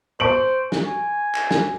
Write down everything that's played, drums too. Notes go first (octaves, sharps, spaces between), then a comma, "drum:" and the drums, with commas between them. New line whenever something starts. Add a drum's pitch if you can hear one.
C5 C#6 D7 F#7
G#5, drum: snare
drum: clap
drum: snare